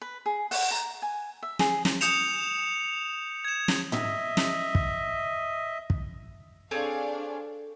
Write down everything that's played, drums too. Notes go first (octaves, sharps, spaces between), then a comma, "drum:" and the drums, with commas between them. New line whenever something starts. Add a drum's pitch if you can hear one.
B4
G#4
F#5, drum: open hi-hat
A#5
G#5
E5
G#4, drum: snare
drum: snare
D#6 G6 C#7 E7 F7, drum: hi-hat
G#6 E7
drum: snare
D#5 E5, drum: tom
drum: snare
drum: kick
drum: kick
C4 D4 G#4 A4 C#5 F5